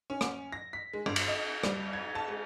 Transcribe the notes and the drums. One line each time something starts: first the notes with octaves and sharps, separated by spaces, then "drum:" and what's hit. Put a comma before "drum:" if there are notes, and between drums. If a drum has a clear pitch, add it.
C#4
drum: rim click
A#6
B6
G#3
G1
drum: cymbal
D#5
G3, drum: rim click
G#6
A5
G#3